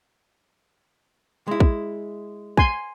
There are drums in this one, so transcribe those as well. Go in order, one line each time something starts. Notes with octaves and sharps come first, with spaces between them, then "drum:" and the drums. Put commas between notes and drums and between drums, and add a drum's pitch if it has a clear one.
G#3 E4
drum: kick
G#5 C6, drum: kick